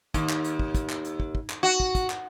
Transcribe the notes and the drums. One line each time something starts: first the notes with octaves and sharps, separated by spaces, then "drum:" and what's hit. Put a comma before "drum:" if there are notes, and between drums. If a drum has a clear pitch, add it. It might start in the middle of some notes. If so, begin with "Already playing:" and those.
D#2, drum: kick, hi-hat
drum: clap
drum: hi-hat
drum: kick
drum: kick, hi-hat
drum: clap
drum: hi-hat
drum: kick
drum: kick
drum: clap
F#4
drum: kick
drum: kick, hi-hat
drum: clap